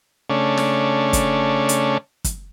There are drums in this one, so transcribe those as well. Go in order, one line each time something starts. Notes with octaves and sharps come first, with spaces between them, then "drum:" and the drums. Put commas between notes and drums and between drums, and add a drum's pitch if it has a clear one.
C#3 A3 C#4 D4
drum: snare
drum: kick F#1, hi-hat
drum: hi-hat
drum: kick F#1, hi-hat